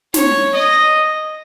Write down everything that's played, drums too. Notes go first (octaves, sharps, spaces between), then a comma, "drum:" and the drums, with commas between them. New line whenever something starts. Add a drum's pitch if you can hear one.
C#5, drum: snare
D#5